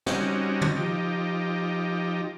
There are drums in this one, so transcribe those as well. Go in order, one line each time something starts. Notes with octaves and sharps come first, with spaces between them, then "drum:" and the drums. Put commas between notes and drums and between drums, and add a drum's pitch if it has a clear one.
G3 C4 C#4 D#4 F#4, drum: snare
drum: tom
F3 D#4 G4